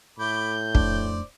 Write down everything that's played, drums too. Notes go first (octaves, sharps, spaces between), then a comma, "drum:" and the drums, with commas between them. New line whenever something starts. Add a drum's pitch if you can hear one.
A2 A3 B5 D6 G6
F2 A3 D4 C5 D5, drum: kick